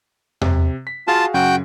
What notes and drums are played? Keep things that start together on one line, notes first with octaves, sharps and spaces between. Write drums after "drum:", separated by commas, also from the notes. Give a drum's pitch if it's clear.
C3, drum: tom E2
B6
F4 F#4 G#4 F5 A5
F#2 C#3 F#4 G5 G#5